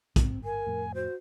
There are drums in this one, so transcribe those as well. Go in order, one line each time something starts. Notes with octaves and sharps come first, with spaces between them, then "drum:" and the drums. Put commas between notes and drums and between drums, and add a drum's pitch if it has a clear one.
C#3 G#3 B3 C4, drum: kick, hi-hat
G1
A#4 G#5
F2 A2
F#4 C5